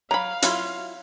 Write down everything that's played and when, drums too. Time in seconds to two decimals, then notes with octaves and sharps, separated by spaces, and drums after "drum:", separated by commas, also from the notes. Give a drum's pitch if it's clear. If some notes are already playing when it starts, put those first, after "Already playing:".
0.11 F#3 F5 A#5 B5
0.42 F#3 E4 F4, drum: hi-hat